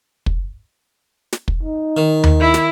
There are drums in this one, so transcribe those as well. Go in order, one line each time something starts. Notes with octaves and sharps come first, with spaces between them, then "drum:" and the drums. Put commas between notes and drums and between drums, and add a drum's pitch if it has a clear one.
drum: kick
drum: snare
drum: kick
D#4
D#3
drum: tom D#2
E4
drum: snare